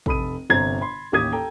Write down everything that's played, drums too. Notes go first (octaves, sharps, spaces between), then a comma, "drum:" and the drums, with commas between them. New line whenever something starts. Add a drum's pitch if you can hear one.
F1 A4 B5 D#6 D#7, drum: kick A1
G1 C3 C5 A#5 G#6 A6
B5 C6
A1 D#2 G4 D#6 G#6 D#7
A4 G5 A#5